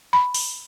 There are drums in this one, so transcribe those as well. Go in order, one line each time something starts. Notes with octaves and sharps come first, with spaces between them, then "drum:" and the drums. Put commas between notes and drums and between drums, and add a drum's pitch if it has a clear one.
B5
drum: open hi-hat